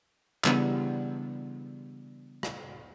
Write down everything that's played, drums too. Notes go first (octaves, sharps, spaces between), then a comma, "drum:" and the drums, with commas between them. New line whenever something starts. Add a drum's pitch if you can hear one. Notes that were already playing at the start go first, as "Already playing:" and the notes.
C#3 E3 G3 B3 D4, drum: clap
drum: rim click